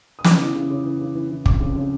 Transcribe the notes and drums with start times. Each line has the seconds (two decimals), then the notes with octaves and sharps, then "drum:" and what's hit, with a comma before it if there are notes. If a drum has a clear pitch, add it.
0.19 D#6
0.24 C#3 D6, drum: snare
0.40 E3
0.55 C#3
0.71 C#3
0.85 E3
1.01 C#3
1.15 E3
1.31 E3
1.46 F2 D6, drum: kick
1.61 C#3
1.76 C#3